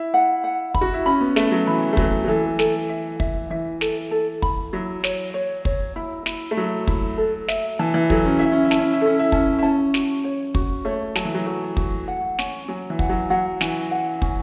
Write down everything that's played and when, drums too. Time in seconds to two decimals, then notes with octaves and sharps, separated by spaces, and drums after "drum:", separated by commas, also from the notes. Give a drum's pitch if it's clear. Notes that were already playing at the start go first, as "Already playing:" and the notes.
Already playing: E4
0.14 F#5
0.44 F#5
0.75 B5, drum: kick
0.81 F#4
0.94 E4
1.06 C#4 B5
1.21 B3
1.36 A3 B4, drum: snare
1.52 F#3
1.67 E3 B5
1.93 A3
1.97 F#3 B4, drum: kick
2.25 F#3
2.28 E3 A4
2.59 A4, drum: snare
2.89 E5
3.20 E5, drum: kick
3.50 E3 E5
3.81 A4, drum: snare
4.11 A4
4.42 B5, drum: kick
4.73 F#3 E4
5.04 C#5, drum: snare
5.34 C#5
5.65 C#5, drum: kick
5.96 E4
6.26 E4, drum: snare
6.51 A3
6.57 F#3 E4
6.87 E4, drum: kick
7.17 A4
7.48 E5, drum: snare
7.79 E3 A5
7.94 E3
8.10 F#3 A4, drum: kick
8.25 C#4
8.39 E4 E5
8.52 C#4
8.65 E4
8.71 A5, drum: snare
8.79 C#4
8.93 E4
9.01 C#4 A4
9.19 E4
9.32 C#4 A5, drum: kick
9.58 E4
9.63 C#4 A5
9.94 F#4, drum: snare
10.24 C#5
10.55 F#4, drum: kick
10.85 A3 C#5
11.15 F#3 A5, drum: snare
11.25 E3
11.35 F#3
11.46 A3 F#4
11.77 F#4, drum: kick
12.08 F#5
12.39 C#4, drum: snare
12.68 F#3 C#4
12.90 E3
12.99 F#5, drum: kick
13.09 F#3
13.30 F#3 F#5
13.61 E3 C#4, drum: snare
13.91 F#5
14.22 C#4, drum: kick